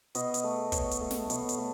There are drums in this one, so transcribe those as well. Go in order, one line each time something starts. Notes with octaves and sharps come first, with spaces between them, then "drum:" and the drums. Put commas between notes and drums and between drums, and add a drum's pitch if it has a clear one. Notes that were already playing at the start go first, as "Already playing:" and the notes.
B2 D#5, drum: hi-hat
drum: hi-hat
A3
B2 C#5, drum: kick, hi-hat
drum: hi-hat
A3
drum: snare
B2, drum: hi-hat
drum: hi-hat
A3